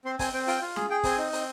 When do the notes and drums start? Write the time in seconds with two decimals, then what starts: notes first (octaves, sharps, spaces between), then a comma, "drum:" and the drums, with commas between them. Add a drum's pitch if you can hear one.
0.05 C4 C6
0.19 C4 G#5, drum: kick, open hi-hat
0.33 C4 G5
0.47 F4 G5, drum: open hi-hat
0.62 F4
0.76 G#4, drum: snare
0.90 G#4 G5
1.04 C4, drum: kick, open hi-hat
1.11 G#5
1.18 D#4
1.33 C4, drum: open hi-hat